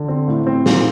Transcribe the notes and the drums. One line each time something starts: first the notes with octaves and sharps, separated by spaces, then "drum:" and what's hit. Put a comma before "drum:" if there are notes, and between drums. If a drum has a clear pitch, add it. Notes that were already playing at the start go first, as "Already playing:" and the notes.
Already playing: D3
C4
A2
C4
A#2, drum: snare